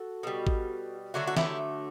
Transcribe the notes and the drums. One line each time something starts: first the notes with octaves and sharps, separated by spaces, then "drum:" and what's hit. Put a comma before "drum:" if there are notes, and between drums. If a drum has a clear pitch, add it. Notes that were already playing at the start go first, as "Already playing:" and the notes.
Already playing: F#4 A4
B2 G3
drum: kick G#1
D3 F#3 A3 D4 F#4
F#4
E4 G4, drum: snare